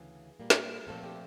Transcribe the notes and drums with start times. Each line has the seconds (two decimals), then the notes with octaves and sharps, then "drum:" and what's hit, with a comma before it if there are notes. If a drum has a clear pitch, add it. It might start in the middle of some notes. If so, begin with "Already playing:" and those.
Already playing: D2 C#3 E3 G#4
0.40 A#2 G3 A#3
0.50 drum: snare
0.87 A#2 F3 A3 C4 A4
1.03 G4